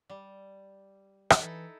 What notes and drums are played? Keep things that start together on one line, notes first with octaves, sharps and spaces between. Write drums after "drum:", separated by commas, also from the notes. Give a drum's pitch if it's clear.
G3
drum: rim click
E3 D#4 E4 A4